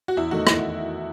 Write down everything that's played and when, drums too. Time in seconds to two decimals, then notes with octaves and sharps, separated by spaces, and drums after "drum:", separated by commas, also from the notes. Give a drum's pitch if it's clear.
0.08 F#4
0.17 E2 E4
0.31 D#3 A3 D#4 F#4
0.47 E4, drum: rim click